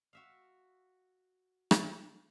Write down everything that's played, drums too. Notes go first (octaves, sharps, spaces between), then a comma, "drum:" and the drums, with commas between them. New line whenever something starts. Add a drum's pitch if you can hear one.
F#4 E5 F5
drum: rim click